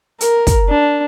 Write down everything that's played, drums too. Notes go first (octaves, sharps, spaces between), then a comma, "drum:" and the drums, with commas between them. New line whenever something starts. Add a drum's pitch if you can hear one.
A#4, drum: hi-hat
drum: kick, hi-hat
D4